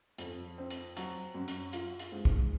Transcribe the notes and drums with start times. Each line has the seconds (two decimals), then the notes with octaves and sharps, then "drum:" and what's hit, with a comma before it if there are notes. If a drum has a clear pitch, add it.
0.18 F2, drum: hi-hat
0.58 C4
0.70 drum: hi-hat
0.97 F#3, drum: hi-hat
1.35 F#2
1.48 drum: hi-hat
1.73 F4, drum: hi-hat
1.99 drum: hi-hat
2.12 G#2
2.25 drum: kick